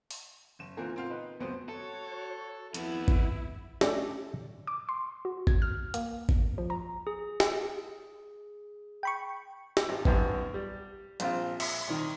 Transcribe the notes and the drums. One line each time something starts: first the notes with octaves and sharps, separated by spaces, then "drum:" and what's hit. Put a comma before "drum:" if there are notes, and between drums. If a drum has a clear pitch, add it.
drum: open hi-hat
F#1 E7
A#2 D3 E3 C4 F4 A#4
C4 F4 F5
D#4 B4
F#1 C#2 B3 C4 F#4 C5
F#4 A4 C#5
F2 B3 E4, drum: hi-hat
drum: kick G#1
A3 C#4 D4 A4 D5, drum: snare
D6
C6
F#4
G#6, drum: kick G#1
F6
A#3, drum: hi-hat
drum: kick G#1
F3
A#5
G#4
drum: snare
G5 B5 C#6
drum: snare
G#1
G#1 F#2 B3, drum: kick G#1
G3
A#1 C4 F4, drum: hi-hat
E5, drum: cymbal
C2 D#3